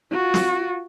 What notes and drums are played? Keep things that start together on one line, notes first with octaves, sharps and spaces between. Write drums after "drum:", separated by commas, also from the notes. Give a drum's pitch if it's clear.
F4 F#4
drum: snare